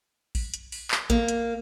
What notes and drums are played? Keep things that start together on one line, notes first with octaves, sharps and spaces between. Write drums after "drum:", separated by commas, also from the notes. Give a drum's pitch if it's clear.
drum: kick A1, open hi-hat
drum: hi-hat
drum: open hi-hat
drum: clap
A#3, drum: kick A1, hi-hat
drum: hi-hat